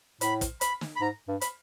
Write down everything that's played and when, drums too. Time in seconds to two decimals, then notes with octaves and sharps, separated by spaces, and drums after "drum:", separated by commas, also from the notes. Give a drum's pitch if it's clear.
0.21 A2 B5, drum: hi-hat
0.41 drum: kick, hi-hat
0.61 B5, drum: hi-hat
0.81 drum: snare
0.96 B5
1.01 G#2 A#5
1.28 G2
1.41 B5, drum: hi-hat